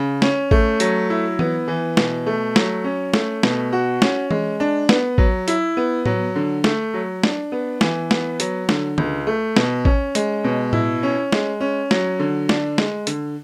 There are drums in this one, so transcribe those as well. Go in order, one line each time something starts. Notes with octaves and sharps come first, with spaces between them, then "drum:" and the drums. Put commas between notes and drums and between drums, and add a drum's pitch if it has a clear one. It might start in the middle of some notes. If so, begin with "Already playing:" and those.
Already playing: C#3
C#4, drum: snare
A3, drum: kick A1
F#3, drum: hi-hat
E4
B3, drum: tom E3
E3
B2, drum: snare
A3
F#3, drum: snare
C#4
A3, drum: snare
B2, drum: snare
F#4
C#4, drum: snare
G#3, drum: tom E3
D4
B3, drum: snare
F#3, drum: kick A1
E4, drum: hi-hat
B3
F#3, drum: tom A2
D3
A3, drum: snare
F#3
D4, drum: snare
B3
E3, drum: snare
B3, drum: snare
F#3, drum: hi-hat
D3, drum: snare
C#2, drum: tom D3
A3
B2, drum: snare
C#4, drum: kick A1
G#3, drum: hi-hat
B2
E4, drum: tom A2
C#4
G#3, drum: snare
C#4
F#3, drum: snare
D3
D4, drum: snare
G#3, drum: snare
D3, drum: hi-hat